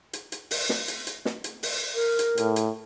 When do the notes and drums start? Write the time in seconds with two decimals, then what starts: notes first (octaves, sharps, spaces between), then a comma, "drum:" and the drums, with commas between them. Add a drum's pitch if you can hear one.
0.13 drum: hi-hat
0.32 drum: hi-hat
0.51 drum: open hi-hat
0.69 drum: snare
0.88 drum: hi-hat
1.07 drum: hi-hat
1.25 drum: snare
1.44 drum: hi-hat
1.63 drum: open hi-hat
1.95 A#4
2.19 drum: hi-hat
2.37 A2, drum: hi-hat
2.56 drum: hi-hat